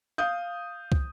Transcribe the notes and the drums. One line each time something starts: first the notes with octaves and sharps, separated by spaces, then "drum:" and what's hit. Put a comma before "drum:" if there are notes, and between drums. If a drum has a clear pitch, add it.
F5 D#6 G6
drum: kick